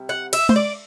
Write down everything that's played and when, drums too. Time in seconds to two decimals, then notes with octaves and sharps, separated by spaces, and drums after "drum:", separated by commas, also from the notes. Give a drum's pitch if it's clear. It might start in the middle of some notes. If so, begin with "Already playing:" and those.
Already playing: C3 G3
0.09 F#5
0.33 E5, drum: cymbal
0.49 C5, drum: tom G#3
0.56 D5